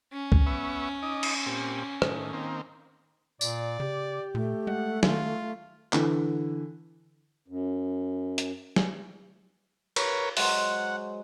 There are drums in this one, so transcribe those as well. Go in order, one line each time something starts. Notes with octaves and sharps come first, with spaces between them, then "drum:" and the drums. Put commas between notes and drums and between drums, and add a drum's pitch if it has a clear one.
C#4
drum: kick C#2
B3 E5 C#6
D#4 D#5 D6
drum: cymbal
A#2 C4 G4
A2 D#3, drum: rim click
D#3 A#3 C4
A#2 D5, drum: tambourine
C#3 G4
A#2 A3
G#3 F#5
D#3 F4, drum: snare
D3 E3, drum: clap
F#2
drum: hi-hat
drum: snare
A#4 B4 C#5, drum: cymbal
F#3 G#3 C5 F#5, drum: open hi-hat